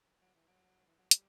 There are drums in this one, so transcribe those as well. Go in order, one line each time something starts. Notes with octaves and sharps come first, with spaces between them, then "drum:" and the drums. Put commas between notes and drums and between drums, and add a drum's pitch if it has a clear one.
F#3
E3
F#3
E3
F#3
G3, drum: hi-hat